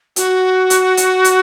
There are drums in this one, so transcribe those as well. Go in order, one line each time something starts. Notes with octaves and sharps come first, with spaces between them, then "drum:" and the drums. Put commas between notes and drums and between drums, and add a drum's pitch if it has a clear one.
F#4, drum: hi-hat
drum: hi-hat
drum: hi-hat
drum: hi-hat